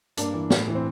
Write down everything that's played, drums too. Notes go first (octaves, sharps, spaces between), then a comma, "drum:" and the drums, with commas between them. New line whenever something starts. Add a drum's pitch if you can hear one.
G2 A#3 D4, drum: hi-hat
E3
A2, drum: snare
E3
C4